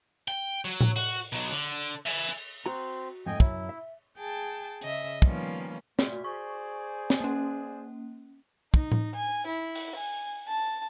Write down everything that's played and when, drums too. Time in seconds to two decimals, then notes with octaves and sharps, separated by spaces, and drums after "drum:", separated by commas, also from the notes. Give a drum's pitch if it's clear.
0.28 G5
0.65 F#3
0.81 drum: tom A2
0.96 F#4, drum: open hi-hat
1.32 B2 F#3
1.51 D3
2.06 E5 G#5, drum: cymbal
2.28 drum: hi-hat
2.66 C4 F#4 A#5
3.26 F2 G#2 A3 D#5 G5 G#5
3.40 F#2 E4, drum: kick
3.69 E5
4.17 G#4 G5 A5 A6
4.81 C#3 D#5 E5, drum: hi-hat
5.22 D#3 F3 G3 A#3 B3 C#4, drum: kick
5.99 A#2 A3 F#4, drum: snare
6.24 G#4 C5 D5 C#6
7.10 drum: snare
7.20 A#3 C#4
8.74 D#4, drum: kick
8.92 drum: tom A2
9.15 G#5
9.47 E4
9.75 drum: open hi-hat
9.96 G#5
10.48 A5